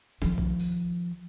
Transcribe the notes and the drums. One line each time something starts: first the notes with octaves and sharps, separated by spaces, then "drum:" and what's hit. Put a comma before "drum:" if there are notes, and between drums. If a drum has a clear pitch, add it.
D#3 F3, drum: snare C#4
drum: kick A#1
drum: open hi-hat